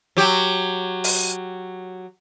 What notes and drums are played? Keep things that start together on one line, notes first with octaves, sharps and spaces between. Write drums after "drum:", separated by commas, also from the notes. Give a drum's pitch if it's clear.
F#3 G4
drum: open hi-hat